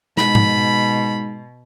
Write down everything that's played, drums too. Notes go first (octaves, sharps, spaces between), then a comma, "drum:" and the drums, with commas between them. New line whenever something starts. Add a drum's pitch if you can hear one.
G#2 B2 B5, drum: snare
drum: tom G#2